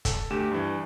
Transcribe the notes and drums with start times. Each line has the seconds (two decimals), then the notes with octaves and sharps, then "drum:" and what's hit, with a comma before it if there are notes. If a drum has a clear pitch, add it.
0.05 A4, drum: kick, hi-hat
0.30 D2 G4 E7
0.51 G2 E3